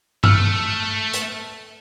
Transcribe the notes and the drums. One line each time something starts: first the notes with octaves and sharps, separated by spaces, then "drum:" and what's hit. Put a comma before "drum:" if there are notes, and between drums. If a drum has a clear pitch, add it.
A3 E6 F6, drum: tom G2
drum: hi-hat